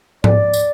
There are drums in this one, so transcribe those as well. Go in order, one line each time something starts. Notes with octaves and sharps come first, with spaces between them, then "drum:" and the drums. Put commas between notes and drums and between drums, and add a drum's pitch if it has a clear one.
D5, drum: tom G#2
drum: tambourine